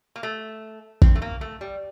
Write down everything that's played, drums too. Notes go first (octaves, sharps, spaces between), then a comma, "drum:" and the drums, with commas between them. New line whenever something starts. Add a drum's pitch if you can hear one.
A#3
A3
C4, drum: kick
A3
A#3
A3
G3